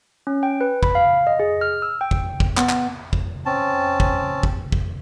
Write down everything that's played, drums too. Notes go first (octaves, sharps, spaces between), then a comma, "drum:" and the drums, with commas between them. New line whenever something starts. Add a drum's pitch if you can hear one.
C#4
G5
B4
B5, drum: kick
F5
D#5
G#4
F6
E6
G5
drum: kick
drum: kick
B3, drum: clap
drum: clap
drum: kick
C4 C#4 A5
drum: kick
drum: kick
drum: kick